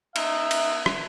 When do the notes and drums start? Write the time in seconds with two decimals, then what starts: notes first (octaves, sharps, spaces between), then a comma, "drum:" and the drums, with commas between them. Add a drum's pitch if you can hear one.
0.16 D#4 E5, drum: cymbal
0.51 drum: cymbal
0.86 drum: rim click